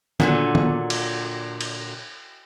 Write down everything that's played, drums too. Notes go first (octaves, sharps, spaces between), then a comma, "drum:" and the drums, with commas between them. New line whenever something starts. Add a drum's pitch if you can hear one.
A#2 D3 F#3, drum: tom D#3
drum: tom D#3
drum: cymbal
drum: cymbal